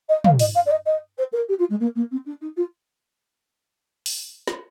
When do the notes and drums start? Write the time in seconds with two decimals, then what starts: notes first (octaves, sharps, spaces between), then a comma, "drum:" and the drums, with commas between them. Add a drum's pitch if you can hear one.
0.09 D#5
0.24 F5, drum: tom
0.39 D#5, drum: open hi-hat
0.55 F5
0.66 D5
0.71 D#5
0.86 D#5
1.18 C5
1.32 A#4
1.48 G4
1.58 F4
1.70 G#3
1.80 A#3
1.95 A#3
2.11 C4
2.25 D4
2.41 D#4
2.56 F4
4.06 drum: open hi-hat
4.48 drum: snare